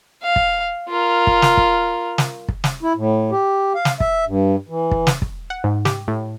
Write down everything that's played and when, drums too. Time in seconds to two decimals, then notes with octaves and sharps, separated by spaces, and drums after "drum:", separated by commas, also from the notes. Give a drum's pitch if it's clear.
0.23 F5
0.36 drum: kick
0.89 F4 A#4
1.27 drum: kick
1.42 drum: snare
1.57 drum: kick
2.18 drum: snare
2.49 drum: kick
2.64 drum: snare
2.83 E4
2.96 A2
3.31 G4
3.74 F5
3.85 drum: snare
4.00 E5, drum: kick
4.27 G2
4.69 E3
4.91 drum: kick
5.07 drum: snare
5.22 drum: kick
5.50 F#5
5.64 G#2
5.85 G4, drum: snare
6.08 A2